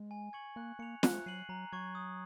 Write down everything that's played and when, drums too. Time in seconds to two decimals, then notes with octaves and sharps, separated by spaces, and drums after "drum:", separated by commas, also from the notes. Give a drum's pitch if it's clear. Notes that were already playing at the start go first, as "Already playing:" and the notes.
Already playing: G#3
0.11 G#5
0.33 C#6 G#6 C#7 F#7
0.56 A#3 F#6
0.79 A#3 C#7 F7
1.03 G#3 F#6, drum: snare
1.26 F#3 C7 D#7 F#7
1.49 F#3 A#5
1.73 F#3 C#6 G#6
1.95 D#6